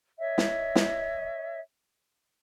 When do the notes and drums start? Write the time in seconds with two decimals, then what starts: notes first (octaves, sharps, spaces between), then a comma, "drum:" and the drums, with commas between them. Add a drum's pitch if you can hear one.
0.19 C#5 D#5 E5
0.38 drum: snare
0.75 drum: snare